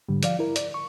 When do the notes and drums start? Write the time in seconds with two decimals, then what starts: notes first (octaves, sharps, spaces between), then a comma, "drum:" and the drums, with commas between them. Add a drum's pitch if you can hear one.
0.09 G#2 D3 G3
0.23 F3 D5 F5, drum: hi-hat
0.39 E4 A#4
0.56 D5, drum: hi-hat
0.74 C#6